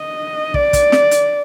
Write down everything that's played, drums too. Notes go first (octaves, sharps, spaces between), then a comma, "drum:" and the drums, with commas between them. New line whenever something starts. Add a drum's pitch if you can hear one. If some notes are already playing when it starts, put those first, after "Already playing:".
Already playing: D#5
D5, drum: kick
drum: kick, hi-hat
drum: snare
drum: hi-hat